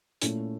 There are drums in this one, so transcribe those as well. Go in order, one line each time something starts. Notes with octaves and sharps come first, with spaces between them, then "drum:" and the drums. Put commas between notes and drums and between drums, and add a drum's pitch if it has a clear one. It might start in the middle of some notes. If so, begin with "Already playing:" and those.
A#2 A3 C#4 E4, drum: hi-hat